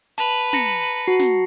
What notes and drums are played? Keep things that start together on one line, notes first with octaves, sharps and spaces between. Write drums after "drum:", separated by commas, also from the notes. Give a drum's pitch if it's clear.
B4 A5 F7 F#7
A#5 A#6 C#7, drum: snare
F#4 C7
drum: snare